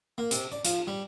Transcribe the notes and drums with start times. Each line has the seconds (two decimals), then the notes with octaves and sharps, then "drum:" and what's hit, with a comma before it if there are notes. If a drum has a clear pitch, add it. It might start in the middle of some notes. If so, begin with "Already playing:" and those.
0.18 A#3
0.31 C3, drum: hi-hat
0.52 D5
0.65 F3, drum: hi-hat
0.87 G3